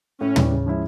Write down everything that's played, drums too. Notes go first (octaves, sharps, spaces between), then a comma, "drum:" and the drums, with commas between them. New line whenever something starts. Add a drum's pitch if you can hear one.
A2 C#4
E3 G3, drum: tom
C#3
F3 G#3 C#4 E4